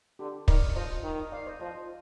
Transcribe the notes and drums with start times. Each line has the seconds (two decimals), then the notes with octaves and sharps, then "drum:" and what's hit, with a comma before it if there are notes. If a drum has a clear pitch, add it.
0.19 D3 G4
0.48 D#3 A#4 D5, drum: kick
0.75 F3 C5 D#5
1.03 D#3
1.32 D5 F5
1.46 C5 D#5
1.60 F3 C5 D#5